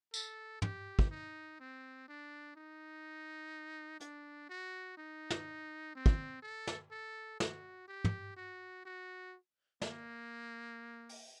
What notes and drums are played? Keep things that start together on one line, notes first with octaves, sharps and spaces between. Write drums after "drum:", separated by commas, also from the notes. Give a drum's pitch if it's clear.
A4, drum: tambourine
G4, drum: tom
drum: kick
D#4
C4
D4
D#4
D4, drum: hi-hat
F#4
D#4
drum: snare
C4
drum: kick
A4
drum: snare
A4
F#4, drum: snare
G4
drum: tom
F#4
F#4
A#3, drum: snare
drum: open hi-hat